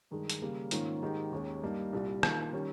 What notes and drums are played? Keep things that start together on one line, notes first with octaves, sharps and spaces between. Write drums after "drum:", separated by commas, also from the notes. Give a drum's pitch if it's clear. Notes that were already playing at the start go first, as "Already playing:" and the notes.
G2 D#3 G#3
drum: hi-hat
C#3 G3 A#3
G#2 D#3 A#3 C#4 F4, drum: hi-hat
G#2 D#3 G#3 D#4 G4
D#2 D#3 G#3 C#4
G2 G3 A#3 D#4
C2 A#2 G3
D#3 A#3 F4, drum: rim click
D#3 G3 C#4